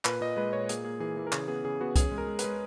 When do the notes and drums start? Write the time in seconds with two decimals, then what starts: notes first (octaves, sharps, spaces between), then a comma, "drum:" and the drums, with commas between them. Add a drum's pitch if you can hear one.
0.05 A#2 B4, drum: clap
0.21 A#2 D#5
0.37 G#3 B4
0.53 A#2 C#5
0.69 A#3 G#4, drum: hi-hat
0.85 A#3 G#4
1.00 E3 G#4
1.17 E3
1.27 A#4
1.32 C#3 G#4, drum: clap
1.48 B3 G#4
1.64 C#3 G#4
1.81 B3 F#4
1.96 C#4 G#4, drum: kick C2, hi-hat
2.12 G#3
2.18 A#4
2.27 G#3
2.39 B4, drum: hi-hat
2.44 G#3